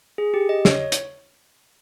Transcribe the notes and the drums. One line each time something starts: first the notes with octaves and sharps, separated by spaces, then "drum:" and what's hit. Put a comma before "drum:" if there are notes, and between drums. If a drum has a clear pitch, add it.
G#4
G4
D#5
C#5, drum: snare
drum: hi-hat